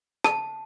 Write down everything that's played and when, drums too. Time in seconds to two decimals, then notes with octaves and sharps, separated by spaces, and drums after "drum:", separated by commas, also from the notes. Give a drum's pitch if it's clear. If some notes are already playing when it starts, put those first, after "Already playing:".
0.24 A5, drum: rim click